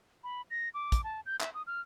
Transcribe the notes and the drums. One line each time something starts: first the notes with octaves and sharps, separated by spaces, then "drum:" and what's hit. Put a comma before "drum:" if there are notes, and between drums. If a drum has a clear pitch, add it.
B5
A#6
D6
drum: kick, hi-hat
A5
G6
E5, drum: clap
D#6
F6